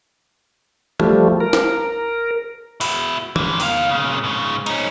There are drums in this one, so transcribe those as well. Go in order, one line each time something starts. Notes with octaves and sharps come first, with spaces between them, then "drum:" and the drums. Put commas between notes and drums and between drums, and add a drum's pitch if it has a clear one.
F3 G3 A3, drum: tom
A#4
drum: snare
E4 F#4, drum: open hi-hat
G#2 E3, drum: tom
D#3 F5, drum: open hi-hat
A#2 C#3
G#2 C#3
C#4 D#4, drum: cymbal